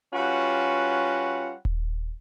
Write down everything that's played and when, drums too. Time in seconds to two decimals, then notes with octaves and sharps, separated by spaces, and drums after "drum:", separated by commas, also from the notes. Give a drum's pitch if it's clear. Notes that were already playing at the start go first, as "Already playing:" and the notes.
0.14 G3 C#4 F4 F#4 B4 F#5
1.65 drum: kick D#1